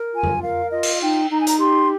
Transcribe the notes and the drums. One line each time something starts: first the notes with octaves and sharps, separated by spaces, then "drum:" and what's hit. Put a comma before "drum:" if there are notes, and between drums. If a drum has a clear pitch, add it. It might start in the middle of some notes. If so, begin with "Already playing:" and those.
Already playing: A#4
F4 G#5
drum: tom F2
A#4 F5
F4 D#5
drum: cymbal
D#4 G5
D#4 A#5
G#5
A#5, drum: hi-hat
G4 C6